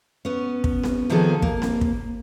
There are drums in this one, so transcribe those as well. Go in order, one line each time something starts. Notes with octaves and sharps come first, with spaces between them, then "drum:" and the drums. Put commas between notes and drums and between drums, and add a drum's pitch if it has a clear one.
B3 C#4
drum: kick
drum: snare C4
C3 D#3 F3 B3 G#4 A4
A#3, drum: kick
drum: snare C4
drum: kick